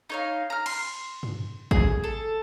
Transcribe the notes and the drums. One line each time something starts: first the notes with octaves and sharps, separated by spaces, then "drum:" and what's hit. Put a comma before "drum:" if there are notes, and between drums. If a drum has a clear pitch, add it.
D#4 C#5 F5
A#5 F6
C6, drum: cymbal
drum: tom
G#4, drum: kick G#1
A4